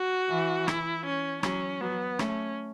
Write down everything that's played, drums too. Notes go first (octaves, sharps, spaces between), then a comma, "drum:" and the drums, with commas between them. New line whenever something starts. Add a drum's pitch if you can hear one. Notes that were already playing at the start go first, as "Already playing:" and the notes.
Already playing: F#4
E3
E4, drum: rim click
C#4
F#3 C#4, drum: rim click
F#3 B3
A3 C#4, drum: rim click